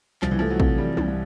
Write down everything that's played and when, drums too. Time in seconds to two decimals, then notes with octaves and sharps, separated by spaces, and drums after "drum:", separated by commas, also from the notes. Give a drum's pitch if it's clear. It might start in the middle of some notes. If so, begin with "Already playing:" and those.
0.22 C2 F3, drum: clap
0.31 E3
0.39 F3 A3
0.50 F#3
0.60 C3, drum: kick A1
0.78 E3 G3
0.97 C2, drum: tom